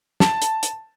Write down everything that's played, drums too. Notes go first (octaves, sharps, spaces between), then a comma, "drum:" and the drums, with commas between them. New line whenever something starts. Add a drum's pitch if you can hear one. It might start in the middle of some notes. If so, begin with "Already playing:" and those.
A5, drum: snare
drum: hi-hat
drum: hi-hat